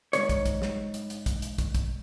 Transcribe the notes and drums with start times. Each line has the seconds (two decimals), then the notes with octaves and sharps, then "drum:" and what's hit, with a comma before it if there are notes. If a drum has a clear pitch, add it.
0.13 G#2 B2 C#5, drum: hi-hat
0.29 drum: kick, hi-hat
0.46 drum: kick, hi-hat
0.62 drum: snare
0.94 drum: hi-hat
1.10 drum: hi-hat
1.26 drum: kick, hi-hat
1.42 drum: hi-hat
1.58 drum: kick, hi-hat
1.75 drum: kick, hi-hat